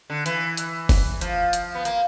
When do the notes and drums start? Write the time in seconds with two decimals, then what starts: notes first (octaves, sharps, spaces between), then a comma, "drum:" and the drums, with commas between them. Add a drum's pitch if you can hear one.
0.10 D3
0.26 E3, drum: hi-hat
0.57 drum: hi-hat
0.89 drum: kick F#1, open hi-hat
1.21 F3, drum: hi-hat
1.53 drum: hi-hat
1.75 B3
1.85 A#3, drum: hi-hat